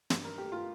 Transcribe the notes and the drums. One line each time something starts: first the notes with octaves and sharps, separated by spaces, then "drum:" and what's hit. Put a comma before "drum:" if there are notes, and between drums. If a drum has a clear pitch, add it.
G2, drum: snare
A#4
A3 G4
F4